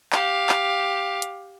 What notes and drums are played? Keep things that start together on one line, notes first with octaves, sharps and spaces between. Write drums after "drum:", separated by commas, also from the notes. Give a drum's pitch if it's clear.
G4 F5, drum: clap
drum: clap
drum: hi-hat